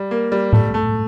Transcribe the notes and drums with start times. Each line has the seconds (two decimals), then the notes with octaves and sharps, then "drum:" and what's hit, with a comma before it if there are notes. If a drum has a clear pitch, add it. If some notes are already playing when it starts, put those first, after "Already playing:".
Already playing: G3
0.11 A#3
0.32 G3
0.53 A3, drum: tom A2
0.74 A3